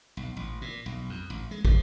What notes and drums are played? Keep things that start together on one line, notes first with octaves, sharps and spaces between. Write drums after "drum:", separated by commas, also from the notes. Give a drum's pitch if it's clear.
B1
A1
A#2
B1
F2
A1
G#3
F3, drum: kick